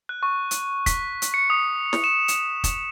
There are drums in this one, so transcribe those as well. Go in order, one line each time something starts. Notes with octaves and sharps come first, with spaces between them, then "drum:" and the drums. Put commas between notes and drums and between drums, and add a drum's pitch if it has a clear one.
F#6
C#6
drum: hi-hat
B6, drum: kick, hi-hat
drum: hi-hat
C#7
D#6
drum: snare
E7
drum: hi-hat
drum: kick, hi-hat